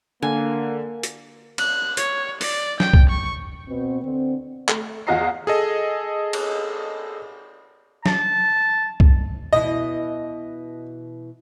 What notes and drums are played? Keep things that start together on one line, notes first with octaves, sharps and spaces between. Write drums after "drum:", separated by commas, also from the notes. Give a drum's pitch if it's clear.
D3 A#3 A#4 G#5
drum: hi-hat
F#6, drum: cymbal
C#5, drum: hi-hat
D5, drum: open hi-hat
G5, drum: snare
drum: kick C2
C#6
B2 B3 C4
D3 C4
A3, drum: clap
E2 F4 F#4 D#5 A#5 C7
G#4 A4 D#5
drum: cymbal
A5, drum: snare
drum: kick C2
B2 E3 E4 D#5